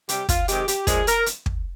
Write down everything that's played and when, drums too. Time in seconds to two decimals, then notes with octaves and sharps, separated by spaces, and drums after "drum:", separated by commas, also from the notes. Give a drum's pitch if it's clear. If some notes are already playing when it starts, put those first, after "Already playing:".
0.09 C3 G3 G4, drum: hi-hat
0.29 F4, drum: kick, hi-hat
0.48 C3 D#3 G#3 G4, drum: hi-hat
0.68 G4, drum: hi-hat
0.87 A#2 F3 G#3 G#4, drum: kick, hi-hat
1.07 A#4, drum: hi-hat
1.26 drum: hi-hat
1.46 drum: kick